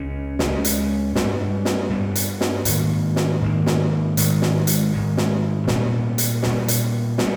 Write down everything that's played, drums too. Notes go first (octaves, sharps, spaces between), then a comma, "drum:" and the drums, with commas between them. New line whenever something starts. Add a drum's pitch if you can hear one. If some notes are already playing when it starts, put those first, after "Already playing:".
Already playing: C#2 C#3 C#4
C#2 C#3 G#3 C#4, drum: snare
drum: hi-hat
G2 G3 B3, drum: snare
drum: snare
G2 G3 B3
drum: hi-hat
drum: snare
G#2 D#3 A#3, drum: hi-hat
drum: snare
G#2 D#3 A#3
drum: snare
G#2 D#3 G#3, drum: hi-hat
drum: snare
drum: hi-hat
G#2 D#3 G#3
drum: snare
A#2 G3 B3, drum: snare
drum: hi-hat
A#2 G3 B3, drum: snare
drum: hi-hat
G3 B3, drum: snare